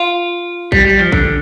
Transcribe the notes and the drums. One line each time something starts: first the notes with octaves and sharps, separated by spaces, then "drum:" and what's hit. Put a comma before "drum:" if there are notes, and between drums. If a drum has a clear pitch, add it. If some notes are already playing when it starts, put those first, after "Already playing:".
Already playing: F4
G3, drum: kick A1
G3
F3
D3, drum: kick A1